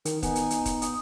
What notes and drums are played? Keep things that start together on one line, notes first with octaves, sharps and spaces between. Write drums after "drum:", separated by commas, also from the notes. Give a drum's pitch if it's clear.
D#3 A#4, drum: hi-hat
B3 D#4 G#5, drum: kick D#1, hi-hat
drum: hi-hat
drum: hi-hat
drum: kick D#1, hi-hat
D#6, drum: hi-hat